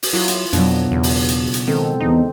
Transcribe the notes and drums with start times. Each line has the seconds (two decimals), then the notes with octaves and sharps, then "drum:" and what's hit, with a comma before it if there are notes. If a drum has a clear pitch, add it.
0.03 drum: open hi-hat
0.13 F#3 E4 F4
0.28 drum: hi-hat
0.53 F2 B2 F#3 D4, drum: hi-hat
0.91 E2 C#3
1.03 drum: open hi-hat
1.28 drum: hi-hat
1.54 drum: hi-hat
1.67 D#3 G#3 C4 A4
2.00 E2 D#4